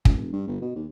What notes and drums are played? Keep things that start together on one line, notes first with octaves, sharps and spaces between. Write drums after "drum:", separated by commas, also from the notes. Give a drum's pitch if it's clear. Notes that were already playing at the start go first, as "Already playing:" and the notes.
C#2, drum: kick
F1
G2
G1
B2
D#2